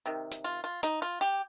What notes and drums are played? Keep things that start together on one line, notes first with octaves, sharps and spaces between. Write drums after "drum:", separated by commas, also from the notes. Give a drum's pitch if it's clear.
C3 D#3
drum: hi-hat
F4
F4
D#4, drum: hi-hat
F4
G4